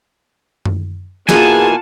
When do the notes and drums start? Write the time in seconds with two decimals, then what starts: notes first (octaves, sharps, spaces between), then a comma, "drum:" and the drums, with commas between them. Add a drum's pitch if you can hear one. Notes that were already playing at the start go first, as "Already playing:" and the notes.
0.65 drum: tom F#2
1.29 B2 E3 A#3 F4 G#4 F#5 G#5 A5, drum: snare